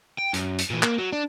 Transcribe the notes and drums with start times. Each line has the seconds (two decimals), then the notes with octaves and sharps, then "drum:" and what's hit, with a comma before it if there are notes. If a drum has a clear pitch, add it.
0.18 G5
0.34 F#2, drum: hi-hat
0.58 drum: hi-hat
0.70 A#2 E3
0.83 A#3, drum: clap
0.98 F#3
1.13 D4